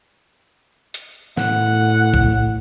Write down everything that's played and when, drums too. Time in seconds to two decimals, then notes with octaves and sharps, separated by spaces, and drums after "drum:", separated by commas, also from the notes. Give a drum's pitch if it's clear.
0.94 drum: hi-hat
1.37 A2 F#5, drum: snare
2.14 drum: kick A#1